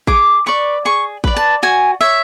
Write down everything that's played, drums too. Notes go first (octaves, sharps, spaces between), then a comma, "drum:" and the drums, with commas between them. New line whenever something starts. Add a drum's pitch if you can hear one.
G#4 D6, drum: kick A1
B4 D5 C#6
G#4 C#6
B4 D5, drum: kick A1
A5
F#4 G#5
C#5 E5